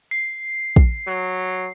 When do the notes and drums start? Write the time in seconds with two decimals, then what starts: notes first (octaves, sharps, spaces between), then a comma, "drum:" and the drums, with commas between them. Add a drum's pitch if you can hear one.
0.11 C7
0.76 drum: kick A#1
1.07 F#3